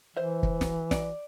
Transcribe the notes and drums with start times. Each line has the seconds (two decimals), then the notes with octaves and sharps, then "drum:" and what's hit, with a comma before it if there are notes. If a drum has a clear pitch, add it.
0.17 E3 C5 E5
0.43 drum: kick
0.61 drum: snare
0.91 D5, drum: snare